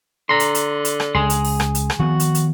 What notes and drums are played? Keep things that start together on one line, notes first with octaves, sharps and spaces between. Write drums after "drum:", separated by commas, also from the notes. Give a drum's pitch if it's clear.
D3 A#5 C6
drum: hi-hat
drum: hi-hat
drum: hi-hat
drum: rim click
C#2 G#4 C6
drum: hi-hat
drum: open hi-hat
drum: rim click
drum: hi-hat
drum: rim click
D#3 F3 B3 F#4
drum: hi-hat
drum: hi-hat